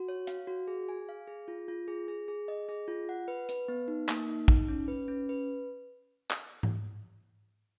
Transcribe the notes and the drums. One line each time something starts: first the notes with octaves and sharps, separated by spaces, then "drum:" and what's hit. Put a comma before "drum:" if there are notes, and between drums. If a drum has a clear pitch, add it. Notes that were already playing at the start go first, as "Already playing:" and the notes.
Already playing: F#4
C#5
F5, drum: hi-hat
F#4
G#4
G#5
F5
G#4
F4
F4
G#4
G#4
G#4
D#5
G#4
F4
F#5
B4
B4, drum: hi-hat
B3
D#4
A#3, drum: clap
D#4
D#4, drum: kick
C#4
B4
C#4
B4
drum: clap
drum: tom G#2